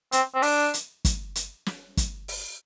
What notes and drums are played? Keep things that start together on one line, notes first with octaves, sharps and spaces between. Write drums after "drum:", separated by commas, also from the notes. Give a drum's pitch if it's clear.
C4, drum: hi-hat
C4
D4, drum: open hi-hat
drum: hi-hat
drum: kick, hi-hat
drum: hi-hat
drum: snare
drum: kick, hi-hat
drum: open hi-hat